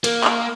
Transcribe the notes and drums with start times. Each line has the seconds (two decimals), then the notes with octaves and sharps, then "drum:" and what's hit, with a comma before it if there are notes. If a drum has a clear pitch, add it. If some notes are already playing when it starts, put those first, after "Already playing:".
0.04 A#3, drum: cymbal
0.24 drum: clap